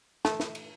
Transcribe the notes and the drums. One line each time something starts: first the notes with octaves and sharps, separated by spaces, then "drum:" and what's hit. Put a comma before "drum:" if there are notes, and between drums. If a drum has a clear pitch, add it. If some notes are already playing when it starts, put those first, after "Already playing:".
A3, drum: snare
drum: snare
drum: cymbal